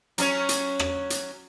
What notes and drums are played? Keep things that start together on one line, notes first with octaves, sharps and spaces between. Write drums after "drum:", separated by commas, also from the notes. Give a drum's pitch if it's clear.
F#3 C#4 C#5, drum: hi-hat
drum: hi-hat
drum: rim click
drum: hi-hat